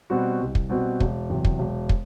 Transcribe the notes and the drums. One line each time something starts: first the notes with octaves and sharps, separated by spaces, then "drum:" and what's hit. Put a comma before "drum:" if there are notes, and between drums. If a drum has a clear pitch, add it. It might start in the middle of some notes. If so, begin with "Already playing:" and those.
B2 G3 C4 F#4
C2
drum: kick
B2 G3 C4 F#4
E1, drum: kick
E2 C3 F#3
drum: kick
E1
drum: kick